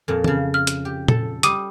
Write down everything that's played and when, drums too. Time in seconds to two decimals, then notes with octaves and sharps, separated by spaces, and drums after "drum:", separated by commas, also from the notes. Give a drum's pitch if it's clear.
0.08 F2 A#2
0.24 C#3 A5, drum: tom
0.54 F6
0.67 drum: hi-hat
0.85 G4
1.08 A4, drum: tom A#2
1.43 G3 D6 D#6 D#7, drum: hi-hat